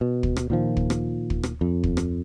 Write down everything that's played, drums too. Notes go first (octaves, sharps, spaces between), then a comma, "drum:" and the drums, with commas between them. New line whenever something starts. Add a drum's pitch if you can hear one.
B2
drum: kick
drum: rim click
A#2 D#3 F3
drum: kick
drum: rim click
drum: kick
drum: rim click
F2
drum: kick
drum: rim click